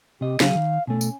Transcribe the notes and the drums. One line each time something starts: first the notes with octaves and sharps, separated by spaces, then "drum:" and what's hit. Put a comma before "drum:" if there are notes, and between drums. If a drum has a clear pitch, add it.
C3 G4 D#5
C#3 F#3 G#4 F5, drum: snare
D#3
B2 A3 C#4
drum: tambourine